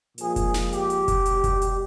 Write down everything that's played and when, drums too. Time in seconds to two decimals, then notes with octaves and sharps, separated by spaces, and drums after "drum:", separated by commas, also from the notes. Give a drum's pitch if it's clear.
0.18 A#2 F3 G#3 G#4, drum: hi-hat
0.36 drum: kick F1, hi-hat
0.54 drum: snare
0.73 G4, drum: hi-hat
0.90 drum: hi-hat
1.08 drum: kick F1, hi-hat
1.26 B2 G3, drum: hi-hat
1.44 drum: kick F1, hi-hat
1.62 drum: hi-hat